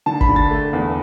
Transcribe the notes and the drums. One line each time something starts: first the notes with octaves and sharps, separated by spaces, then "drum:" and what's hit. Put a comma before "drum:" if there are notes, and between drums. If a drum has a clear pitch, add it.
D3 A5
B5, drum: kick G1
D3
A6
A3
E2